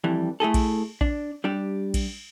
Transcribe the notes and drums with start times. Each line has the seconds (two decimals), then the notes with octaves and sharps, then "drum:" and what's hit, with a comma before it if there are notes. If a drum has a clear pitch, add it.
0.04 F2 E3 G3
0.40 A3 E4 G#4 A4
0.54 drum: kick A#1, cymbal
1.01 D4, drum: kick A#1
1.44 G3 D4 G4
1.94 drum: kick A#1, cymbal